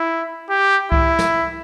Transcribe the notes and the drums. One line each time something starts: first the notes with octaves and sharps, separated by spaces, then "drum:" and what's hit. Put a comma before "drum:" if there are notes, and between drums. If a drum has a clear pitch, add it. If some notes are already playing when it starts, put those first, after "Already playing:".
Already playing: E4
G4
E4, drum: kick C2
drum: snare